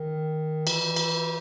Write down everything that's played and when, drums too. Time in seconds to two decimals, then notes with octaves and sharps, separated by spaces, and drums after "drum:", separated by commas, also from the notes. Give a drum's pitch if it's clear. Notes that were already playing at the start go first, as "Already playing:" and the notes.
Already playing: D#3
0.67 E3, drum: cymbal
0.96 drum: cymbal